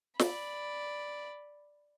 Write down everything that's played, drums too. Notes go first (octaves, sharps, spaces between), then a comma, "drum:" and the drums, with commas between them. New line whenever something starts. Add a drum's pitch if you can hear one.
D5 B5, drum: snare